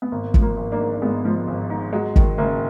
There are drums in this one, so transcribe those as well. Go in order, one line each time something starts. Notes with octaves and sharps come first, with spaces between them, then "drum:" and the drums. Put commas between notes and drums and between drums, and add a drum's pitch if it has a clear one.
B3
G#1 A#3
F3, drum: kick
A#3
G#1
A#3 D4
G#2
D4
G#1 G#3 B3
F3
G#1
G#2
F#3 G#3
D#3, drum: kick
F#1 A#3